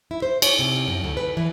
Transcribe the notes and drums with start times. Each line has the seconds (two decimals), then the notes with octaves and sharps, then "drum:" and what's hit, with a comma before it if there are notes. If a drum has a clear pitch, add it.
0.11 E4
0.22 C5
0.42 C#5, drum: cymbal
0.59 C3
0.88 F#2
1.04 D2
1.17 B4
1.37 E3